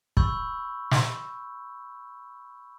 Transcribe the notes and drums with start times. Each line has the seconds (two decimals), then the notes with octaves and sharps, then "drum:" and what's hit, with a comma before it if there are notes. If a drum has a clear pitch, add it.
0.17 B5 C#6 E6 G6, drum: kick
0.91 drum: snare